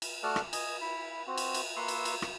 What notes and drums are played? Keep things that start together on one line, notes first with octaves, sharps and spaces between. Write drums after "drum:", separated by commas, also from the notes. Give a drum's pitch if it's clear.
drum: cymbal
A3 F#4 A4 D5 F6 F#6
drum: rim click
D#5 G#5, drum: cymbal
E4 B5
C4 F#4
drum: cymbal
drum: cymbal
A#3 B4 E5 C6 C#6 E6
drum: cymbal
drum: cymbal
drum: rim click